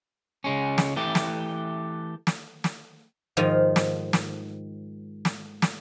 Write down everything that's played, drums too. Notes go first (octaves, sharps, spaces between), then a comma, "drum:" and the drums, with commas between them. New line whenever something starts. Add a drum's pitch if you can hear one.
C#2 G#3 C#4
drum: snare
E3 A3 G4
drum: snare
drum: snare
drum: snare
G#2 D#3 F3 F5
drum: snare
drum: snare
drum: snare
drum: snare